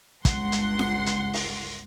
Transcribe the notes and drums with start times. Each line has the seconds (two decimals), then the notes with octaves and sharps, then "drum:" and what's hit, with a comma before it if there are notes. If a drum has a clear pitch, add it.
0.25 G1 C#2 F#5 C6, drum: kick, hi-hat
0.52 drum: hi-hat
0.79 drum: snare F4
1.06 drum: hi-hat
1.33 drum: open hi-hat